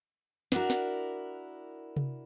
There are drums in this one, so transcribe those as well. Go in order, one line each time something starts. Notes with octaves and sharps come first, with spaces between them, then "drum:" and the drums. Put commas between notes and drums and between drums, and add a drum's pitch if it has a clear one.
D4 E4 F#4 A#4, drum: snare
drum: snare
drum: tom C3